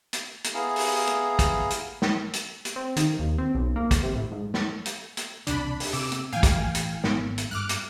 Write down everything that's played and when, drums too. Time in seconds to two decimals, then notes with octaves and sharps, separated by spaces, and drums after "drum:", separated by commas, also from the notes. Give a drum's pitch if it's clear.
0.13 drum: hi-hat
0.44 drum: hi-hat
0.54 B3 E4 G#4 F5 A#5
0.76 drum: open hi-hat
1.07 drum: hi-hat
1.39 drum: kick, hi-hat
1.70 drum: hi-hat
2.02 drum: snare
2.33 drum: hi-hat
2.65 drum: hi-hat
2.76 C4
2.96 D#3, drum: hi-hat
3.19 D#2
3.38 C4
3.55 B1
3.76 A#3
3.91 drum: kick, hi-hat
4.03 C3
4.15 A2
4.32 G#2
4.54 drum: snare
4.85 drum: hi-hat
5.17 drum: hi-hat
5.47 E1 C2 C3 D4 B5, drum: hi-hat
5.80 drum: open hi-hat
5.93 C3 D6 E6
6.12 drum: hi-hat
6.33 A2 E3 F5 G5 G#5
6.43 drum: kick, hi-hat
6.75 drum: hi-hat
7.04 G#1 G#2 B3, drum: snare
7.38 drum: hi-hat
7.51 G2 D6 F6 F#6
7.69 drum: hi-hat